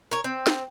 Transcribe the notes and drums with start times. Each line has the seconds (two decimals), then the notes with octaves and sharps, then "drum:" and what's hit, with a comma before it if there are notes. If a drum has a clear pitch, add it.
0.11 A#4 C#5
0.24 C4
0.47 drum: snare